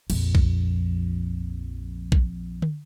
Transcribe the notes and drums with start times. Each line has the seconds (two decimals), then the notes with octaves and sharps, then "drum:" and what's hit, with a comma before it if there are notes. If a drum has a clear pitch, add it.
0.10 A#1 F2, drum: cymbal
0.35 drum: kick A#1
2.12 drum: kick A#1
2.62 drum: tom